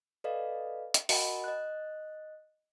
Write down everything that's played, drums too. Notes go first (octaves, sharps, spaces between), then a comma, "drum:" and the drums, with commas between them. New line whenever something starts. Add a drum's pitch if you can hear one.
A4 B4 D5 D#5 F5
drum: hi-hat
F#4 A#4 D#5 F#5 G#5 B5, drum: open hi-hat
D#5 F#6